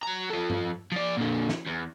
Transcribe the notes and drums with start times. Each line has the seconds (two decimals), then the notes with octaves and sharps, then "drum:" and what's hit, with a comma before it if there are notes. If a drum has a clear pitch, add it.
0.03 F#3 A#5
0.30 F3 A4
0.50 drum: tom G2
0.92 F3 D5
1.17 A#2 D3
1.49 drum: snare
1.66 E2